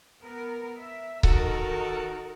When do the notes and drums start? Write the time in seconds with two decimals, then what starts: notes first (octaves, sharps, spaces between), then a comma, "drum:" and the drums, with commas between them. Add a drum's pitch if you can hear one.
0.22 B3 A#4
0.78 E5
1.23 D#3 D#4 F#4 A4 A#4, drum: kick C#1